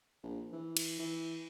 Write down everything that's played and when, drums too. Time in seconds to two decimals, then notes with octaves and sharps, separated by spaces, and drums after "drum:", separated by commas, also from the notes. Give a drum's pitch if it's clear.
0.23 A#1
0.52 E3
0.77 drum: cymbal
0.99 E3